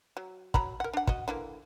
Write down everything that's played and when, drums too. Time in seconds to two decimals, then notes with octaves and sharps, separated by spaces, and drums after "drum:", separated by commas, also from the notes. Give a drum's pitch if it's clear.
0.17 F#3
0.54 F#3 A#5 B5, drum: kick
0.80 A#4 F#5
0.93 D4 F#5
1.07 F#4 D#5, drum: kick
1.28 D3 E3 A#3